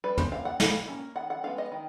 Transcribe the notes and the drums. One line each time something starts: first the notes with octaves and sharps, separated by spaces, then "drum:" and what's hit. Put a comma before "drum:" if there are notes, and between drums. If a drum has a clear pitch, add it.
G3 B4
C5, drum: tom
A#3 C#4 F5
F#5
G3 F5, drum: snare
A#3 C#4
D#3 F#5
F#5
G#3 B3 D4 F5
D#5
D#3